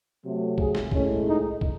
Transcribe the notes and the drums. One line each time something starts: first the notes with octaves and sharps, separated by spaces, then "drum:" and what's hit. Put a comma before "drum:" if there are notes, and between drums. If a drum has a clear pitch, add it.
C3 F#3 A3
G#4, drum: kick
drum: snare
A2 G#3 C#4, drum: kick
D#4
drum: kick